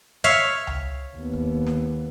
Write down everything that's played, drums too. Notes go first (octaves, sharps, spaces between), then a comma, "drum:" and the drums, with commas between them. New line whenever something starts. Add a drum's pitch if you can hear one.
C#5 E5 F5
drum: tom C#2
D#2 B3
drum: kick
drum: snare